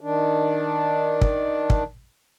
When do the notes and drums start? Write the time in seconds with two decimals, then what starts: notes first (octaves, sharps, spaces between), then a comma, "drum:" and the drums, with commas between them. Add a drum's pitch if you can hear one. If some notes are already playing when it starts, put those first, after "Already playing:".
0.01 D#3 D4
1.21 drum: kick
1.70 drum: kick